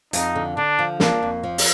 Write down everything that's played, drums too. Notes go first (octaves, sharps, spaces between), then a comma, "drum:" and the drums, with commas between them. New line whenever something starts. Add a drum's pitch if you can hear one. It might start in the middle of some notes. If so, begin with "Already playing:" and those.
F2 D#4, drum: hi-hat
D3
D3 D4
F3
A#3 D4, drum: snare
F2
F3
drum: open hi-hat